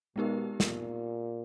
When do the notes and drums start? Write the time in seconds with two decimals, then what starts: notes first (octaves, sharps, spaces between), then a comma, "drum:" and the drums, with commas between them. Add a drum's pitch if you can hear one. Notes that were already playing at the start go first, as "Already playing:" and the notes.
0.16 B2 G#3 B3 D#4 G4 A#4
0.60 A#2, drum: snare